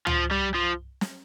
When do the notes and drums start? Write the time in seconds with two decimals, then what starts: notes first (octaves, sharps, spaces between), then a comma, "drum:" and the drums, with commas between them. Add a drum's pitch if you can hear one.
0.07 F3, drum: tom C#2
0.31 G3
0.54 F3
1.01 drum: snare